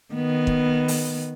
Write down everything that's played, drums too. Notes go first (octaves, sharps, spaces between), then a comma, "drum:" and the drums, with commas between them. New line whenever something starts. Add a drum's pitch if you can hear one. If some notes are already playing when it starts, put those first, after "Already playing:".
D#3 B3
drum: kick
drum: open hi-hat